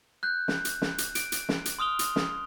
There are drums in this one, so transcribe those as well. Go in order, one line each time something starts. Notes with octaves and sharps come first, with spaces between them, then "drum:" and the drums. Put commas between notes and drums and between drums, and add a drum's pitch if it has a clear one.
F#6 G6
drum: snare
drum: hi-hat
drum: snare
drum: hi-hat
D7, drum: hi-hat
drum: hi-hat
drum: snare
drum: hi-hat
C6 D#6 F6 F7 G7
drum: hi-hat
drum: snare